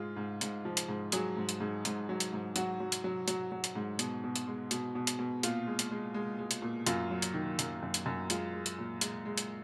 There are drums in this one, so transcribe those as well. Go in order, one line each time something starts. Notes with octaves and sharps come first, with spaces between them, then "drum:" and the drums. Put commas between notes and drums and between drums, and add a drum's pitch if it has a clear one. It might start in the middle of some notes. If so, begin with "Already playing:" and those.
Already playing: G#2 G#3 F4
G#2
G#2, drum: hi-hat
F3
drum: hi-hat
G#2
F#3 G#4, drum: hi-hat
G#2
drum: hi-hat
G#2
G#2, drum: hi-hat
F#3
drum: hi-hat
G#2
F#3 F#4, drum: hi-hat
F#3
drum: hi-hat
F#3
F#3, drum: hi-hat
F#3
drum: hi-hat
G#2
B2, drum: hi-hat
B2
drum: hi-hat
G#3
B2, drum: hi-hat
B2
drum: hi-hat
B2
A#2 F4, drum: hi-hat
G#3
drum: hi-hat
G#3
G#3
G#3
drum: hi-hat
A#2
F#2 F4, drum: hi-hat
F#3
drum: hi-hat
D#3
F#2, drum: hi-hat
F#2
drum: hi-hat
F#2
G#3 F4, drum: hi-hat
G#3
drum: hi-hat
A#2
G#3, drum: hi-hat
G#3
drum: hi-hat